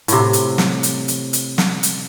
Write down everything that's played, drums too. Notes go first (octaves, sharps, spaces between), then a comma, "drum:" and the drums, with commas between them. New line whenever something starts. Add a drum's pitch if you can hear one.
A2 C3, drum: hi-hat
drum: hi-hat
drum: snare
drum: hi-hat
drum: hi-hat
drum: hi-hat
drum: snare
drum: hi-hat